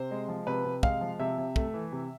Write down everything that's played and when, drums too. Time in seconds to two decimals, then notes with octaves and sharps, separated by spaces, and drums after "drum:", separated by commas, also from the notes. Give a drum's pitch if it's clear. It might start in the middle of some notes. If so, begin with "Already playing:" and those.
Already playing: C3 C5
0.11 G#3
0.28 F3
0.47 C3 B4
0.65 C3
0.83 G#3 F5, drum: kick
1.01 F3
1.19 C3 E5
1.38 C3
1.56 A3, drum: kick
1.74 E3
1.92 C3